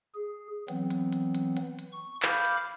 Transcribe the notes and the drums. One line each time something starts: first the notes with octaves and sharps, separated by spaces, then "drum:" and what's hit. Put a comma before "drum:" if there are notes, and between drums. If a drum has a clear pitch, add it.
G#4
E3 F#3 B3 C4, drum: hi-hat
drum: hi-hat
drum: hi-hat
drum: hi-hat
drum: hi-hat
drum: hi-hat
C#6
F5 B5 D6 F6 G6, drum: clap
drum: hi-hat